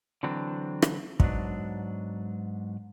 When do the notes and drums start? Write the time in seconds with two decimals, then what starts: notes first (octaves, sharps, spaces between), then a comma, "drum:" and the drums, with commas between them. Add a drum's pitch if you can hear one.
0.23 D3 E3 F#3 C4 D4
0.82 drum: rim click
1.20 G#2 F#3 B3 D4, drum: kick